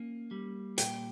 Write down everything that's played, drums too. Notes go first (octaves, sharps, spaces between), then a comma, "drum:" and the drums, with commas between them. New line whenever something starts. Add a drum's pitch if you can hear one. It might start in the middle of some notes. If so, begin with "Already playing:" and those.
Already playing: A#3 C#4
G3
A#2 G5, drum: hi-hat